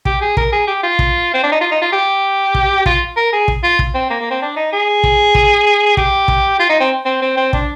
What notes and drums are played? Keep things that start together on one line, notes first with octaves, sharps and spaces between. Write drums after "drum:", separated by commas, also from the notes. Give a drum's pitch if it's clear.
G4, drum: kick
G#4
A#4, drum: kick
G#4
G4
F4
drum: kick
C4
D4
D#4
F4
D#4
F4
G4
drum: kick
F4, drum: kick
A#4
G#4
drum: kick
F4
drum: kick
C4
A#3
A#3
C4
D4
D#4
G#4
drum: kick
drum: kick
G4, drum: kick
drum: kick
F4
D#4
C4
C4
C4
C4
D4, drum: kick